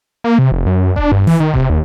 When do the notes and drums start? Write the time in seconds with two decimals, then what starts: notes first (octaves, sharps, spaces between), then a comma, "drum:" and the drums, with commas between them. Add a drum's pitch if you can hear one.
0.24 A#3
0.39 C3
0.52 F1
0.66 F#2
0.96 D4, drum: kick E1
1.12 G2
1.27 E3, drum: snare F1
1.40 D#3
1.54 C3, drum: kick E1
1.70 D#2